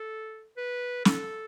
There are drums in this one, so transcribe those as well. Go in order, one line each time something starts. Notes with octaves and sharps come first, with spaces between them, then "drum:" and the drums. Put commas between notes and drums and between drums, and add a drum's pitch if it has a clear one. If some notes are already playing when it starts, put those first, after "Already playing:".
Already playing: A4
B4
A4, drum: snare